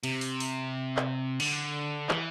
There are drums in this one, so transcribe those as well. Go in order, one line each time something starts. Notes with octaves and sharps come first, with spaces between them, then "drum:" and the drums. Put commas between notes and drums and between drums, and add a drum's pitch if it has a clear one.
C3, drum: cymbal
drum: open hi-hat
drum: open hi-hat
drum: clap
D3, drum: cymbal
E3, drum: clap